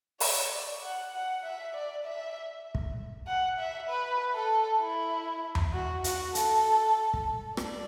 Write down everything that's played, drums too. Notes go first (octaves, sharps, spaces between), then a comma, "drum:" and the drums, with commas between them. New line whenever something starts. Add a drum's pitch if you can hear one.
C#5, drum: open hi-hat
D5
F#5
F#5
E5
D5
E5
drum: kick
F#5
E5
B4
A4
E4
drum: tom E2
F#4
F#4, drum: hi-hat
A4, drum: hi-hat
drum: kick
D5, drum: rim click